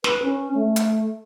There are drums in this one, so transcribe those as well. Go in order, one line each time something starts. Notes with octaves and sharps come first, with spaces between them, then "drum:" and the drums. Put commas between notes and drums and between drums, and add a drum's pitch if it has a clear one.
B4, drum: snare
C#4
A3
drum: hi-hat